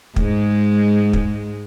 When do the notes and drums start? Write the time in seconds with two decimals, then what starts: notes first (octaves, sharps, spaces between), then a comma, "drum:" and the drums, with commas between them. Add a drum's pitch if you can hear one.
0.16 G#2 G#3, drum: kick
1.13 drum: kick